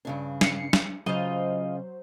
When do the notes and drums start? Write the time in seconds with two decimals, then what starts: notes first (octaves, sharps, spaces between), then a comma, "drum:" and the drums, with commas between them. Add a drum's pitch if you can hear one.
0.05 G2 C#3 D4
0.41 C7 C#7, drum: snare
0.73 drum: snare
1.06 C#3 F#3 F4 C5 D#5